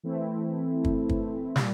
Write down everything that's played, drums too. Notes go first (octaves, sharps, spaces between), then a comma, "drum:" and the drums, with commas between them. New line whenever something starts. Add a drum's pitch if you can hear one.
E3 A3 C4 E4
drum: kick
drum: kick
A#2 G3, drum: snare